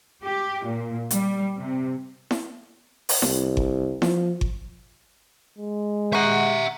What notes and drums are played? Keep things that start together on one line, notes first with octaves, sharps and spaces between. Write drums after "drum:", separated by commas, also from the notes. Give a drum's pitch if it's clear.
G4
A#2
G3, drum: hi-hat
C3
drum: snare E4
drum: open hi-hat
C2, drum: snare E4
drum: kick G1
F3, drum: snare E4
drum: kick G1
G#3
E5 F#5 A#5 C#6